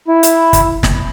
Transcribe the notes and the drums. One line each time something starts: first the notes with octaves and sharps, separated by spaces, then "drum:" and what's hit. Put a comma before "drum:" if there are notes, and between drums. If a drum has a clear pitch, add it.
E4
drum: hi-hat
drum: kick, hi-hat
drum: snare